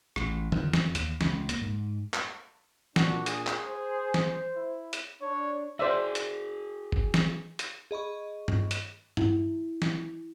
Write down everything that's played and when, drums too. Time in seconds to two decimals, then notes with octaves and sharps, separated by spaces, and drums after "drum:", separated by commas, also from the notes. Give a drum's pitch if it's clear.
0.16 A1, drum: rim click
0.52 F2, drum: tom D3
0.73 F2, drum: snare
0.95 D#2, drum: hi-hat
1.21 C#2, drum: snare
1.49 A#3, drum: hi-hat
1.61 G#2
2.14 drum: clap
2.96 A#2 D4 F#4, drum: snare
3.26 G#4, drum: hi-hat
3.47 drum: clap
3.67 C5
4.14 drum: snare
4.56 E4
4.93 drum: hi-hat
5.22 D4 C#5
5.79 F#4 G#4 C5 D5 E5
6.15 drum: hi-hat
6.92 drum: kick G1
7.14 drum: snare
7.59 drum: hi-hat
7.91 G#4 D#5 B5 C#6
8.48 drum: tom G2
8.71 drum: hi-hat
9.17 E4, drum: tom G2
9.82 drum: snare